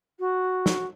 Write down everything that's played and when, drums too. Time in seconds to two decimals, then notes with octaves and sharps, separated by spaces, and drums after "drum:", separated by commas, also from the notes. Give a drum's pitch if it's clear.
0.20 F#4
0.66 drum: snare